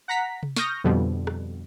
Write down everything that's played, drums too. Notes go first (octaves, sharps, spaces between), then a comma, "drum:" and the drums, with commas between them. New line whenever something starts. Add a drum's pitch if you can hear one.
F#5 A#5 B6
drum: tom C3
C#6 D#6 F6 G6 A#6, drum: snare
F2 B2 D3 G3
drum: rim click